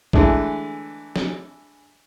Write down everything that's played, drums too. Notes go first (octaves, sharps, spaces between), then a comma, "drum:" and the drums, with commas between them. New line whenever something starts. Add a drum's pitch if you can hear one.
D3 E3 G#3 A3 D4, drum: kick
drum: snare